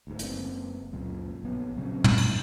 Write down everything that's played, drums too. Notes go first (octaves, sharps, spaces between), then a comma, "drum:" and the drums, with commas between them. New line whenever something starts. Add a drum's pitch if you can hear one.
D2 G#2
F#1 A#3 C4, drum: hi-hat
C#2 F#2 A#2
A#1 B3
A#2 C#3 F#3 C4
drum: tom
D2, drum: cymbal